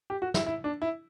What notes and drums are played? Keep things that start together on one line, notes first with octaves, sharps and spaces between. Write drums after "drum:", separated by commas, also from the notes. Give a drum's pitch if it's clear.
G4
F#4
E4, drum: snare
E4
D4
E4